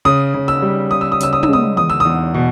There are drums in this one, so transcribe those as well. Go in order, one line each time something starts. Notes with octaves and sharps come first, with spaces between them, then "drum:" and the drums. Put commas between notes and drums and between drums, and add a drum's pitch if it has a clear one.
C#3 D#6
C#3
E6
G3
C#3 D#6
E6
D#6
C#3 E6, drum: hi-hat
D#6
E6, drum: tom
G#3 D#6
E2 D#6
E6
E2 D#6
B2